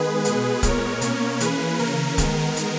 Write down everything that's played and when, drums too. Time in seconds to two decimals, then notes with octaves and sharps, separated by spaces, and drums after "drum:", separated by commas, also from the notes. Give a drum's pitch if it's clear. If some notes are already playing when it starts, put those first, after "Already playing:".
Already playing: D#3 G#3 B3 G#4 B4
0.25 B2 G#3 B3 G#4 B4, drum: hi-hat
0.63 A#2 G#3 B3 A#4 C#5, drum: kick C#1, hi-hat
1.01 B2 A#3 C#4, drum: hi-hat
1.40 E3 A#3 C#4 G#4 B4, drum: hi-hat
1.79 C#3 E3 A#3 C#4 A#4
2.18 D#3 G#3 B3, drum: kick C#1, hi-hat
2.57 drum: hi-hat